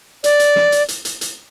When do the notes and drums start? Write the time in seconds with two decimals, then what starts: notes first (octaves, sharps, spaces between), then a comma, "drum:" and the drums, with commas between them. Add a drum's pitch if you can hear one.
0.24 D5, drum: hi-hat
0.39 drum: hi-hat
0.56 drum: snare
0.72 drum: hi-hat
0.88 drum: hi-hat
1.05 drum: hi-hat
1.21 drum: hi-hat